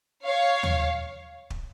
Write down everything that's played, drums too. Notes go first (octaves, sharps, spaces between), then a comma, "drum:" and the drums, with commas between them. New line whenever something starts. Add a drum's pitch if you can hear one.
C#5 F5
drum: tom D#2
drum: kick